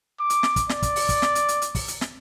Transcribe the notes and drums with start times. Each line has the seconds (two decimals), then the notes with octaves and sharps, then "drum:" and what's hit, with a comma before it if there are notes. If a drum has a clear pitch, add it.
0.20 D6
0.30 drum: hi-hat
0.43 drum: snare
0.56 drum: kick, hi-hat
0.69 D5, drum: snare
0.83 drum: kick, hi-hat
0.96 drum: open hi-hat
1.09 drum: kick, hi-hat
1.22 drum: snare
1.35 drum: hi-hat
1.48 drum: hi-hat
1.62 drum: hi-hat
1.75 drum: kick, open hi-hat
1.88 drum: hi-hat
2.01 drum: snare